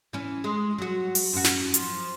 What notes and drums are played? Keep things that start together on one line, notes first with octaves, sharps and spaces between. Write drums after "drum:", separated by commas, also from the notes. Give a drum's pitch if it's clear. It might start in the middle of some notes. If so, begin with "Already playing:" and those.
E3 C#4
G#3
F#3 F#4
drum: open hi-hat
F#2 F#4
drum: snare
F3, drum: hi-hat